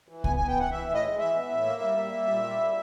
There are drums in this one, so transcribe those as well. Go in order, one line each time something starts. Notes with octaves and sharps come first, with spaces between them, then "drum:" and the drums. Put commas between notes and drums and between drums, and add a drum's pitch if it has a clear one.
E3
B3 G#5, drum: kick C2
B3 G#5
G5
E3 F#5
E3 E5
A2
D#5
G#3
E3 E5
B3
A2
A#3
G3
A#3
G3
A#2
G3
A#3